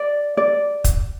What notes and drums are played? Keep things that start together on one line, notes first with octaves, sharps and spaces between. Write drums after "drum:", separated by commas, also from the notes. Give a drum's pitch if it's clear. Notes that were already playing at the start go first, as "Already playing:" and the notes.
Already playing: D5
D5
drum: kick, hi-hat